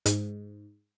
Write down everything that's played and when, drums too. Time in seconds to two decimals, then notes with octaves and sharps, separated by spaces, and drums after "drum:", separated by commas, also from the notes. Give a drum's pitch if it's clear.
0.06 G#2, drum: hi-hat